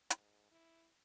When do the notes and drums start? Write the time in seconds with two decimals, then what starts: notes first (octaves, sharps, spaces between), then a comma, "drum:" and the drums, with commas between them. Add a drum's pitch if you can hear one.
0.10 G#2, drum: hi-hat
0.51 E4